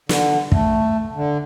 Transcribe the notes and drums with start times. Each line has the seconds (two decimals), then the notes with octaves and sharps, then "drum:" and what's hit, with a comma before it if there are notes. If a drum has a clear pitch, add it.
0.09 D3, drum: snare
0.52 A3, drum: kick
1.16 D3